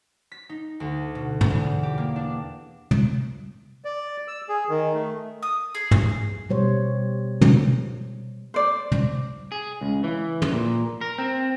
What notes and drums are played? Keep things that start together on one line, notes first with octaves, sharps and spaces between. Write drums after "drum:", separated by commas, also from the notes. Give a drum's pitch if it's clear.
B6
D#4
D2
B2
drum: tom
E2
G4
A#3
D4
drum: tom
D5
E6
G#4
D#3
A3
D#6
G#4
drum: tom
B2 G3 C5 C#5
drum: tom
C5 D5
drum: tom
G#4
C#2
E3
drum: tom
A#2
A#4
C4